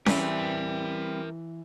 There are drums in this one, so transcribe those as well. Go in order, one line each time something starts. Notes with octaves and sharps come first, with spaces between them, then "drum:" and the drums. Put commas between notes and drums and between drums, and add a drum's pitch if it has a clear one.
E3 G3 C4 A#4 B4 E5, drum: snare C#4